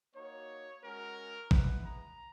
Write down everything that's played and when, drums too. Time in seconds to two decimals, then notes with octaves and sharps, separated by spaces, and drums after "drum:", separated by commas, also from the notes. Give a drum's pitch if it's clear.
0.14 A#3 D#4 F#4 C#5
0.82 G#3 C#4 F#4 A#4
1.51 G#3 B3 E4 B4, drum: kick
1.85 A#5